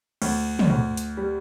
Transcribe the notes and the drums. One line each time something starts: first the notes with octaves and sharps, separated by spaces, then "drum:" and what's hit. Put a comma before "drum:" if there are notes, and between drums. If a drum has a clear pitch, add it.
D2, drum: cymbal
drum: tom
D2
drum: hi-hat
G3